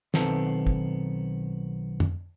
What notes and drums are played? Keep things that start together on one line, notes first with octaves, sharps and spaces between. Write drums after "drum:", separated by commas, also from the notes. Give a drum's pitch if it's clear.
B1 D#3 B3 C4 A4, drum: snare
drum: kick
drum: tom